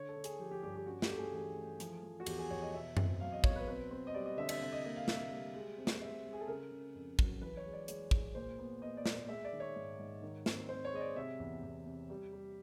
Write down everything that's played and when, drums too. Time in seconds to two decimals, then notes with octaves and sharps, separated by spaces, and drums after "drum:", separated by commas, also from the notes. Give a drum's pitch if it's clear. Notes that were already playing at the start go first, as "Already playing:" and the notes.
Already playing: D3 C#5
0.09 A4
0.16 D3
0.24 G#4, drum: hi-hat
0.39 F3 G4
0.51 G4
0.63 G2 G4
0.75 G4
0.86 C#4 F#4
1.02 G4, drum: snare
1.10 A3 A4
1.18 G#4
1.33 E3 G#4
1.56 A3
1.80 F3, drum: hi-hat
2.03 F3
2.20 F#4
2.26 E2 G4, drum: cymbal
2.38 G#4
2.50 E2 C#5
2.62 D#5
2.73 B2 E5
2.97 C4, drum: tom F#2
3.20 F#3 F5
3.32 D#5
3.44 B2 C#5, drum: kick
3.56 B4
3.68 C4 B4
3.91 C4
4.07 D#5
4.14 G3 D5
4.26 D#5
4.37 D3 E5
4.49 E5, drum: cymbal
4.61 C3 E5
4.72 D#5
4.84 A#3 D#5
4.96 F5
5.08 C3 E5, drum: snare
5.31 G3
5.55 G#3
5.78 C4
5.87 drum: snare
6.01 G#3 E5
6.25 G#3
6.33 G#4
6.41 A4
6.48 C#3 A#4
6.71 C#3
6.95 F2
7.19 F#3, drum: kick
7.41 E3 B4
7.57 C#5
7.65 G#3
7.73 D5
7.88 G#3 C#5, drum: hi-hat
8.11 G#3, drum: kick
8.35 A#2 C5
8.59 B3
8.82 B3 D#5
8.97 D5
9.06 A#2, drum: snare
9.13 D5
9.28 G#3 E5
9.44 D5
9.52 D#3
9.60 C#5
9.76 G#2
9.99 G#2
10.22 D#3
10.46 C4, drum: snare
10.69 C4 C5
10.85 C#5
10.92 G#3 D#5
11.01 D5
11.16 C3 E5
11.40 E2
11.63 E2
11.86 C3
12.10 G3
12.33 G3